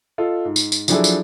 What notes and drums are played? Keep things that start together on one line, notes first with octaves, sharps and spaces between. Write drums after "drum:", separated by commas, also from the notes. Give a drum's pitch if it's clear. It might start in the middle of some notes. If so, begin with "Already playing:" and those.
F4 A4 D#5
G#2
drum: tambourine
drum: tambourine
F3 F#3 D4 E4 G#4 A4, drum: tambourine
drum: tambourine